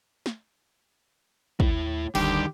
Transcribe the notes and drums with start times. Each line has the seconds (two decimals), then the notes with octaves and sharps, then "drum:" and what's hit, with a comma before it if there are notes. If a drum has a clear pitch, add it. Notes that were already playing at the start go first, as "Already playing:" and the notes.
0.26 drum: snare
1.60 D#2 A2 E4, drum: kick
2.15 F1 D2 D#3 G3 G4, drum: open hi-hat